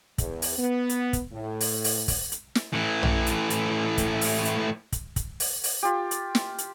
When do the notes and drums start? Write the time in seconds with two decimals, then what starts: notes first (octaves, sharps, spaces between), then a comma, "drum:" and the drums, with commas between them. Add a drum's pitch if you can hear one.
0.18 E2, drum: kick, hi-hat
0.42 drum: open hi-hat
0.59 B3
0.89 drum: hi-hat
1.13 drum: kick, hi-hat
1.32 A2
1.61 drum: open hi-hat
1.84 drum: open hi-hat
2.08 drum: kick, open hi-hat
2.32 drum: hi-hat
2.55 drum: snare
2.73 A2 E3
3.03 drum: tom A#1
3.26 drum: hi-hat
3.50 drum: hi-hat
3.98 drum: kick, hi-hat
4.21 drum: open hi-hat
4.45 drum: hi-hat
4.92 drum: kick, hi-hat
5.16 drum: kick, hi-hat
5.40 drum: open hi-hat
5.64 drum: open hi-hat
5.83 F4 G4
6.11 drum: hi-hat
6.35 drum: snare
6.58 drum: hi-hat